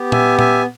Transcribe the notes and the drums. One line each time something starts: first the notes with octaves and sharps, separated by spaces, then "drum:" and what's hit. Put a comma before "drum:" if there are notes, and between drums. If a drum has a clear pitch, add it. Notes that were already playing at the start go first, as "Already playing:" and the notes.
Already playing: B3 G4
E5 G#5, drum: tom A#2
E5 G#5, drum: tom A#2